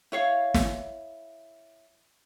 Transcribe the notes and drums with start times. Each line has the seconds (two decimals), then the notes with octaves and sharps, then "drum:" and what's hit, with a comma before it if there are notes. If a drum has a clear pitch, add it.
0.12 E4 C#5 F5
0.54 drum: snare